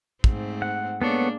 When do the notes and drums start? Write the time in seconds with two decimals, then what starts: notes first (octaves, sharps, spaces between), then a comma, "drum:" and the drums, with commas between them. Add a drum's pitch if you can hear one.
0.24 G#2 A3 C4, drum: kick
0.62 F#5
1.02 G#3 A#3 B3 D4 A4 C#5